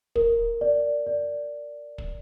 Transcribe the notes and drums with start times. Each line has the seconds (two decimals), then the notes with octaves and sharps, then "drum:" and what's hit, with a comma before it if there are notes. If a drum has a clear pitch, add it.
0.16 A#4, drum: kick
0.61 D5
1.07 D5
1.98 drum: kick